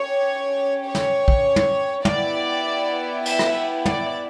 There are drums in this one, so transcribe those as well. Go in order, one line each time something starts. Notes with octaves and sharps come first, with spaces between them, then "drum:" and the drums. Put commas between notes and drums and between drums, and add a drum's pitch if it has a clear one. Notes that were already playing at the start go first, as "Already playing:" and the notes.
Already playing: C#4 G4 C#5
C#5
drum: snare
drum: kick
drum: tom
B3 E4 G4 D5, drum: tom
E5, drum: cymbal
drum: rim click
D5, drum: tom